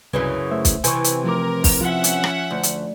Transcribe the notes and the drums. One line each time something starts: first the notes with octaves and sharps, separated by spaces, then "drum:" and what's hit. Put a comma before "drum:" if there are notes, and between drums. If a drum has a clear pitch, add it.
C2 F#2 C#3 E3
A3 C5 E5
drum: kick, hi-hat
C3 E3 G#5 B5 C#6, drum: hi-hat
drum: hi-hat
F3 A3 A#4 D6
drum: kick, open hi-hat
F3 C#4 F4 E5 F#5
drum: hi-hat
drum: rim click
D2
drum: hi-hat